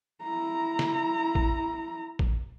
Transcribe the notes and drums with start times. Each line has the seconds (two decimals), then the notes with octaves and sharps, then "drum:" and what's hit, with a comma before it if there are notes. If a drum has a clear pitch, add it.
0.23 E4 A#5
0.79 drum: snare
1.35 drum: kick
2.19 drum: kick